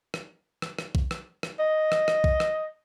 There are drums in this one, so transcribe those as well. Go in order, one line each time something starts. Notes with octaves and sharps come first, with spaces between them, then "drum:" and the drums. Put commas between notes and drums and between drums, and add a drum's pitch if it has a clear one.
drum: rim click
drum: rim click
drum: rim click
drum: kick B1
drum: rim click
drum: rim click
D#5
drum: rim click
drum: rim click
drum: kick B1
drum: rim click